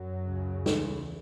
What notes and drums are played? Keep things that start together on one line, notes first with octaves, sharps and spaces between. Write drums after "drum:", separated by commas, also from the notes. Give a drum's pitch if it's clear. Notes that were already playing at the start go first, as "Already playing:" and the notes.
Already playing: F#2 F#3
C#2 C#3
E2 E3, drum: snare